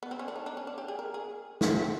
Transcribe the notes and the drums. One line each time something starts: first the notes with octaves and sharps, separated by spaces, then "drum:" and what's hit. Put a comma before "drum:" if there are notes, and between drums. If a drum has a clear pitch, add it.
B3
C4
C#4
D4
D#4
D4
C#4
D4
G4
G#4
A#4
G#4
F#4, drum: snare
C4